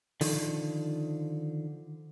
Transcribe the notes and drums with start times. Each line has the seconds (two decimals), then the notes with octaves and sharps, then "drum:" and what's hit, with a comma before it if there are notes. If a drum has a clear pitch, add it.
0.21 D3 D#3 F3, drum: open hi-hat